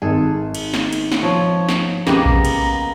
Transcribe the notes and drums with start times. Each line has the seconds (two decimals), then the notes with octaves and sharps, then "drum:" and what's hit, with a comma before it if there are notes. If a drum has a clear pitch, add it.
0.02 G#1 G#4 A4
0.55 drum: cymbal
0.74 drum: snare
0.93 drum: cymbal
1.12 drum: snare
1.23 F3 C#5
1.69 drum: snare
2.07 C#2 A#3 B3 G4 A#5, drum: snare
2.26 drum: kick A#1
2.45 drum: cymbal